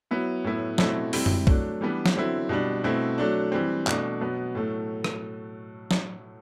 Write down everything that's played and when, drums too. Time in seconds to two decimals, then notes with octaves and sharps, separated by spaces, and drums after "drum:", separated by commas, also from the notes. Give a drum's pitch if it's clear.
0.11 F#3 B3 E4
0.44 A2 F#3 B3 E4
0.78 B2 A3 C4 E4, drum: snare
1.13 C3 G3 C4 E4, drum: open hi-hat
1.26 drum: tom F#2
1.47 F#3 A3 D4, drum: kick B1
1.81 E3 G3 B3 D4
2.06 drum: snare
2.15 D3 F#3 C4 E4
2.49 B2 G3 D4
2.84 B2 A3 C4 E4
3.18 F#3 A3 D4
3.52 E3 G3 C4
3.87 B2 A3 D4, drum: clap
4.21 B2 F#3 B3
4.55 A2 F#3 A3
5.04 drum: rim click
5.91 drum: snare